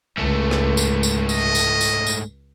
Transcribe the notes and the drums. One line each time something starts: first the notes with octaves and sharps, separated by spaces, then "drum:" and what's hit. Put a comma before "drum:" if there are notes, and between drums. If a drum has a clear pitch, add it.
C#2 G#2 A3
drum: rim click
drum: tambourine
drum: tambourine
D#5, drum: tambourine
drum: tambourine
drum: tambourine
drum: tambourine